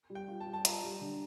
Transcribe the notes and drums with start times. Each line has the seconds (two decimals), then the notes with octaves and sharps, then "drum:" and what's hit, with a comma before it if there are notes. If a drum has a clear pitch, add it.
0.10 G3
0.15 G5
0.28 F4
0.40 A5
0.47 G3
0.53 A5
0.65 F4 A#5, drum: hi-hat
0.83 G3
1.01 D3